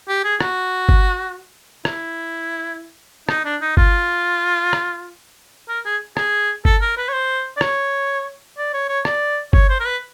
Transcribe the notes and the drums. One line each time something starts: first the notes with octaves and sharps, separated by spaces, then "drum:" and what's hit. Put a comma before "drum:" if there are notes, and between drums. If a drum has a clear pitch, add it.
G4
G#4
F#4, drum: rim click
drum: kick G1
E4, drum: rim click
D#4, drum: rim click
D4
D#4
F4, drum: kick G1
drum: rim click
A#4
G#4
G#4, drum: rim click
A4, drum: kick G1
A#4
B4
C#5
C5
D5
C#5, drum: rim click
D5
C#5
C#5
D5, drum: rim click
C#5, drum: kick G1
C5
A#4
B4